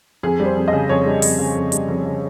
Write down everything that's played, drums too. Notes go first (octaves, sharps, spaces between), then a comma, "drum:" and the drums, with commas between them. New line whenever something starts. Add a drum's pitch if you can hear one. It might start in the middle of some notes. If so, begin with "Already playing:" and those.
F2 G#4
G3
C5
F2
C#3 D#5
F2 C#5
G3
F2, drum: open hi-hat
C#3
F2
G3, drum: hi-hat
F2
C#3